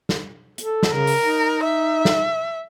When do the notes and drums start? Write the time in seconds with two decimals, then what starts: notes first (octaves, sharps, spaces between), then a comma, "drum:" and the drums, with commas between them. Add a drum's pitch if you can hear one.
0.09 drum: snare
0.58 A4, drum: hi-hat
0.83 drum: snare
0.93 C#3 A#4
1.07 drum: open hi-hat
1.22 D#4
1.64 E5
2.05 drum: snare